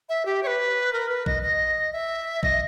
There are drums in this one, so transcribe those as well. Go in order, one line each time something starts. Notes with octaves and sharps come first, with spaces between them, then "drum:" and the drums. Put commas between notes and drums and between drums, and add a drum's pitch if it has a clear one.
E5
G4
C#5
B4
A#4
B4
D#5, drum: kick A1
D#5
E5
D#5, drum: kick A1